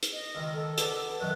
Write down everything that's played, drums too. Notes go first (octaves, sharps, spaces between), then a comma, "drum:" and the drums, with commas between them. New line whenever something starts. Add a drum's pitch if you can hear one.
drum: hi-hat
D#5
C#2 D#3
A4
B3 D4, drum: hi-hat
F#2 B2 D#3 F#6